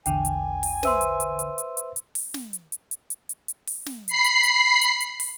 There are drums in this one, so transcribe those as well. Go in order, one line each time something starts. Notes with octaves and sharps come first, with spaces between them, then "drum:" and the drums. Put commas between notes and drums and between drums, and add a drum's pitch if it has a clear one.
A#1 E2 D3 G5 G#5, drum: hi-hat
drum: hi-hat
drum: open hi-hat
B4 C5 E5 C6 E6 D#7, drum: snare
drum: hi-hat
drum: hi-hat
drum: hi-hat
drum: hi-hat
drum: hi-hat
drum: hi-hat
drum: open hi-hat
drum: snare
drum: hi-hat
drum: hi-hat
drum: hi-hat
drum: hi-hat
drum: hi-hat
drum: hi-hat
drum: open hi-hat
drum: snare
B5 C7, drum: hi-hat
drum: hi-hat
drum: hi-hat
drum: hi-hat
drum: hi-hat
drum: open hi-hat